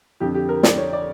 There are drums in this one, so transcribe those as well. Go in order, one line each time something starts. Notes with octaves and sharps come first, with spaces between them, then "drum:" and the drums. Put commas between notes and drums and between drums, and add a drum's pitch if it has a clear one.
F2 D3 G4
G4
A#4
D5, drum: snare
C#5
D5